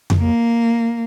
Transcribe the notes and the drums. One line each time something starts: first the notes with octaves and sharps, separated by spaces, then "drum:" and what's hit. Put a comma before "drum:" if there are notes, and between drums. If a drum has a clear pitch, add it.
drum: tom F2
A#3